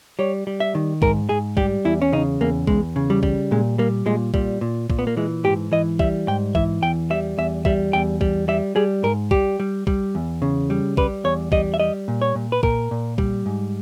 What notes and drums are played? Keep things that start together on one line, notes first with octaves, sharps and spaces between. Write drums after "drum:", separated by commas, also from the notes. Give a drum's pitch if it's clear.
G3 C#5
G3
E5
D#3
G#2 A#4, drum: kick
G#2 G#4
G3 G4, drum: kick
E2 E4
C#4
C#3 D#4
E2 A#3
E2 G#3, drum: kick
C#3
G3
G3, drum: kick
A#2 G#3
G3 A#3
A#2 G#3
A#2 G3, drum: kick
A#2
A#2, drum: kick
B3
A#3
E3 G#3
G#2 G4
E3 D#5
G3 E5, drum: kick
G#2 G5
E3 E5, drum: kick
E2 G5
G3 E5
E2 E5
G3 E5, drum: kick
E2 G5
G3, drum: kick
G3 E5
G3 G#4
G#2 A#4
G3 G4, drum: kick
G3
G3, drum: kick
E2
C#3
G3
G3 B4, drum: kick
E2 C#5
G3 D#5, drum: kick
E5
G3 D#5
A#2
C#5
A#2
B4
A#2 A#4, drum: kick
A#2
G3, drum: kick
G#2